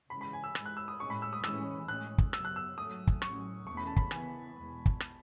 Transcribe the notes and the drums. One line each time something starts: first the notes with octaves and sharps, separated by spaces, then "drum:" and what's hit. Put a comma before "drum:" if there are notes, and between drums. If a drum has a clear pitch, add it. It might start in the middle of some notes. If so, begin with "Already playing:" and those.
C#3 E3 G#3 C#4 B5
B5
G#5
E6
G#2 E3 G#3, drum: rim click
F#6
E6
D#6
A2 G#3 C#4 C#6
B5
E6
D#6
A2 E3 G#3 C#4 E6, drum: rim click
A2 G#3 C#4 F#6
drum: kick
F#2 C#3 F#3 B3 E6, drum: rim click
F#6
E6
G#2 F#3 A3 C#4 D#6
drum: kick
A2 F#3 C#4 C#6, drum: rim click
E2 B2 A3 C#4 C#6
B5
A5
B5, drum: kick
C#3 E3 B3 G#5, drum: rim click
E2 B2 G#3
drum: kick
drum: rim click